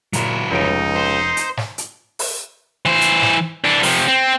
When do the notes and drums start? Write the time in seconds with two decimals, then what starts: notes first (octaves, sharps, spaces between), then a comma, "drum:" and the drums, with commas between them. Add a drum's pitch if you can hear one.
0.13 A#2 F#3 E4 A#5, drum: hi-hat
0.51 F1 C#2 D#4 C#5 D7
0.96 C5
1.37 drum: hi-hat
1.57 drum: snare
1.78 drum: hi-hat
2.19 drum: open hi-hat
2.86 E3 C5
3.01 drum: hi-hat
3.22 drum: snare
3.64 E3 D4
3.83 C3 F3, drum: open hi-hat
4.08 C4